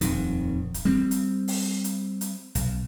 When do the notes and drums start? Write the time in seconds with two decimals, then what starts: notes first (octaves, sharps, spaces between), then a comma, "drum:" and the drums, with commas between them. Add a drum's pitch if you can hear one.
0.01 D#1 F2 D#3, drum: hi-hat
0.74 drum: kick, hi-hat
0.85 G3 C4
1.11 drum: hi-hat
1.48 drum: open hi-hat
1.84 drum: hi-hat
2.21 drum: hi-hat
2.55 B1, drum: hi-hat